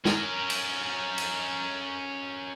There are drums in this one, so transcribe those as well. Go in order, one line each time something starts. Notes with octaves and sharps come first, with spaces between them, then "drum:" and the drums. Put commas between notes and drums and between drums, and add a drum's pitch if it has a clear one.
C#4 A#4, drum: snare
drum: cymbal
drum: cymbal